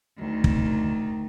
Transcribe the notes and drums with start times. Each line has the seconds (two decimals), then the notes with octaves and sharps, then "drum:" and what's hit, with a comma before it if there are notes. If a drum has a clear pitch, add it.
0.18 D2 D#3
0.44 drum: kick